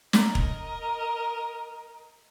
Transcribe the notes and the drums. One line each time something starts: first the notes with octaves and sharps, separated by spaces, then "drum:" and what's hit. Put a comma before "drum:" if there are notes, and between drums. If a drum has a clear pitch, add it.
A#4 D#5, drum: snare
drum: kick E1